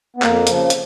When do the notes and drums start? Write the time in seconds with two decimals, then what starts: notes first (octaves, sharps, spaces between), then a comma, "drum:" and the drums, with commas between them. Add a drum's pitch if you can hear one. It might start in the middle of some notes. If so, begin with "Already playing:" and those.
0.16 B3
0.22 F2 A#3, drum: clap
0.47 C#3 F3, drum: hi-hat
0.70 drum: hi-hat